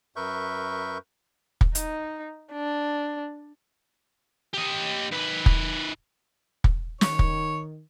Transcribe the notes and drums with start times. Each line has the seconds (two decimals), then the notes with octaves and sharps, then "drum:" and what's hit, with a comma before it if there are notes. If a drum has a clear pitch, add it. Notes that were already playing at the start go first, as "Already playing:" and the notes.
0.16 F#2 A#4 B4 E5 C#6 G6
1.61 drum: kick
1.75 D#4, drum: hi-hat
2.52 D4
4.54 G4 D#5
5.12 D#3 B4
5.46 drum: kick
6.64 drum: kick
7.01 D#3 C#5, drum: snare
7.19 drum: kick